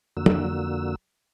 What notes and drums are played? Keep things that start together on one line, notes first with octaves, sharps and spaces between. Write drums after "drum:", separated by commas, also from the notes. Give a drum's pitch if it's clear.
F2 D3 A#3 F#4 E6
drum: tom